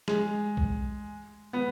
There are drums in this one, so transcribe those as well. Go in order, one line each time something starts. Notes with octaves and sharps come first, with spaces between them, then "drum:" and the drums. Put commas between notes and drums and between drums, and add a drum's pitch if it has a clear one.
G#3, drum: snare
drum: kick B1
B3